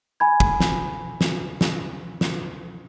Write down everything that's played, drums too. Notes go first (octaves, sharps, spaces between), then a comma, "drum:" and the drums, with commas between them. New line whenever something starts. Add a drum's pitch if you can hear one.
G#5 B5 G#6
drum: kick
drum: snare
drum: snare
drum: snare
drum: snare